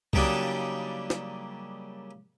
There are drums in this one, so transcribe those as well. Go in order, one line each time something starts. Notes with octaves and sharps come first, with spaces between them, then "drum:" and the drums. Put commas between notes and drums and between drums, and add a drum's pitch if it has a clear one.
C#3 F#3 G3 A#3 D4 D#4, drum: kick C2
drum: snare